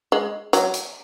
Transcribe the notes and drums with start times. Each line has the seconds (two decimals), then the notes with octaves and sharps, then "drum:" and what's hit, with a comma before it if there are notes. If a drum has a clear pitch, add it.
0.12 G#3
0.53 F#3, drum: hi-hat
0.74 drum: hi-hat